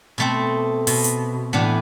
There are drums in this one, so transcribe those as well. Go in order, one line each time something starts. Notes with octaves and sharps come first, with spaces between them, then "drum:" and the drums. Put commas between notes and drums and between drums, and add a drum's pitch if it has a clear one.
B2 A3 C4
B2, drum: open hi-hat
drum: hi-hat
A2 E3 B3 D4